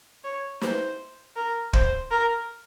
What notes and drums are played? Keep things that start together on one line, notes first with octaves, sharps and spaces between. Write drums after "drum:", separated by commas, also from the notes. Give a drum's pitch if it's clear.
C#5
C5, drum: snare
A#4
C5, drum: kick
A#4